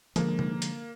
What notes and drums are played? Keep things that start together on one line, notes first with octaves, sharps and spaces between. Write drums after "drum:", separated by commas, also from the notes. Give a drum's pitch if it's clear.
D3 F3 G#3 A#3, drum: hi-hat
drum: tom C3
drum: hi-hat